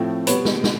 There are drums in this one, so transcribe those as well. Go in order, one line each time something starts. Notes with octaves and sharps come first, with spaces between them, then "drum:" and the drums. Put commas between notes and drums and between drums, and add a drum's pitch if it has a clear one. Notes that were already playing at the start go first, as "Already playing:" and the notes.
Already playing: A2 F3 A3 C4
B2 G3 B3 B4 C#5, drum: hi-hat
drum: snare
B2, drum: snare